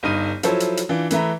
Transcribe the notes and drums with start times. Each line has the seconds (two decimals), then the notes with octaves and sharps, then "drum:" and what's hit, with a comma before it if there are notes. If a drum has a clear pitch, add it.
0.03 G1 G2 D#4 D#7
0.43 F3 F#3 E4 A4 C5 C#5, drum: hi-hat
0.60 drum: hi-hat
0.77 drum: hi-hat
0.89 E3 D4 F4
1.11 E3 A3 B4 E5 A#5, drum: hi-hat